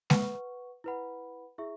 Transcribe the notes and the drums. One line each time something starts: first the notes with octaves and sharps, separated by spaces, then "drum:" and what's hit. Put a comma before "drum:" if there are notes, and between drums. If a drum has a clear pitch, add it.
B4 F#5 C#6, drum: snare G#3
E4 B4 F#5 B5
E4 G#4 E5 C#6